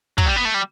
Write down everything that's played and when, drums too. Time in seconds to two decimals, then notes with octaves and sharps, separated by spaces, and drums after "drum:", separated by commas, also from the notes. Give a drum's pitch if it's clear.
0.18 F#3, drum: kick
0.26 G3
0.36 B3
0.45 A3
0.54 G3